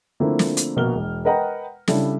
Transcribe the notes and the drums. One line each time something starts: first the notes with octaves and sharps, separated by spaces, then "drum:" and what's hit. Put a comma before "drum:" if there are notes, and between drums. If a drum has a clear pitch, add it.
D3 F3 A3 A#3 C4 E4
drum: snare
drum: hi-hat
A#1 B2 A#3 F#4 F6 G7
E1
A#4 B4 D#5 F#5 G5 A#5
C#3 G3 D4 E4 A4, drum: snare